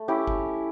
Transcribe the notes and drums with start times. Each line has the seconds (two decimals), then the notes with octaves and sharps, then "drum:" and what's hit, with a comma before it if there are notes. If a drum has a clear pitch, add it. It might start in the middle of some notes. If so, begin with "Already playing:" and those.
Already playing: A3
0.08 C#4 E4 G4
0.28 drum: kick G1